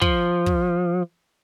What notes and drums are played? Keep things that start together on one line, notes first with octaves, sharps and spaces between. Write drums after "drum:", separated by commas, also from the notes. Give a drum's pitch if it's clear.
F3, drum: kick
drum: kick